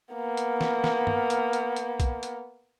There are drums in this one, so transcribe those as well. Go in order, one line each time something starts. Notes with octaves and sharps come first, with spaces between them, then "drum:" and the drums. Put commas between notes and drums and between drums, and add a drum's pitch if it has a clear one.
A#3 B3
drum: hi-hat
drum: snare
drum: snare
drum: tom
drum: hi-hat
drum: hi-hat
drum: hi-hat
drum: kick, hi-hat
drum: hi-hat